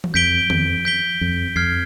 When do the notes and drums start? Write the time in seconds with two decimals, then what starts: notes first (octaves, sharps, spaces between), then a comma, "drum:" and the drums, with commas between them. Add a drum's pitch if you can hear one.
0.04 drum: tom E3
0.14 F2 G6 B6 D7 G7
0.50 F2, drum: tom D#3
0.85 G6 B6 D7 G7
1.21 F2
1.56 F2 F6 G#6 C7